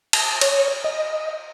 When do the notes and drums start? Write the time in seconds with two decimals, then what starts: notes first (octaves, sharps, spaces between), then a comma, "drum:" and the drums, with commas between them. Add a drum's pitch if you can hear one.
0.13 A5, drum: cymbal
0.41 C#5, drum: cymbal
0.84 D#5